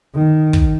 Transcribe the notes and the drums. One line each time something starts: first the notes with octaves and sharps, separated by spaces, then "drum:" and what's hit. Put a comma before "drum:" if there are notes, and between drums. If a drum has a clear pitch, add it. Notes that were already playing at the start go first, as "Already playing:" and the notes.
D#3
drum: kick